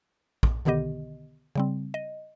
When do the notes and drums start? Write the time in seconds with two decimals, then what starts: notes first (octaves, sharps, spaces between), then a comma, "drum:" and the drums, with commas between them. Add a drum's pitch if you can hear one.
0.43 drum: kick
0.65 B2 D3 D#3 B3 G4 D#5
1.55 C#3 G3 C4
1.94 D#5